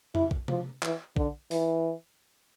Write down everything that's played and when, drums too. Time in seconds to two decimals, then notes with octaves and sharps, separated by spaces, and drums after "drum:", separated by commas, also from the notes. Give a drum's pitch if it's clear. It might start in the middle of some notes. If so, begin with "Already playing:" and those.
0.15 E4, drum: tom
0.31 drum: kick
0.48 F3, drum: tom
0.83 E3, drum: clap
1.16 D3, drum: kick
1.51 E3, drum: open hi-hat